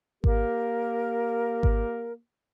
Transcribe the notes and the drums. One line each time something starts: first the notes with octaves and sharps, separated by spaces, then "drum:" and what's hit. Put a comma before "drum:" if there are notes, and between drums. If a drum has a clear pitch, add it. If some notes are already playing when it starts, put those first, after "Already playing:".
A#3 G4 A#4, drum: kick G#1
drum: kick G#1